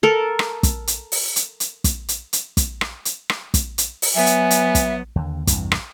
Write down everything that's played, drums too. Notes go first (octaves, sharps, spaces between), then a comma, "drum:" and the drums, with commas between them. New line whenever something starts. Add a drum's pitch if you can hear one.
A4 A#4
drum: rim click
drum: kick, hi-hat
drum: hi-hat
drum: open hi-hat
drum: hi-hat
drum: hi-hat
drum: kick, hi-hat
drum: hi-hat
drum: hi-hat
drum: kick, hi-hat
drum: rim click
drum: hi-hat
drum: rim click
drum: kick, hi-hat
drum: hi-hat
drum: open hi-hat
F#3 B3 E5 G#5
drum: hi-hat
drum: hi-hat
drum: kick, hi-hat
D#2 D3
E2 G2 C3 E3, drum: kick, hi-hat
drum: rim click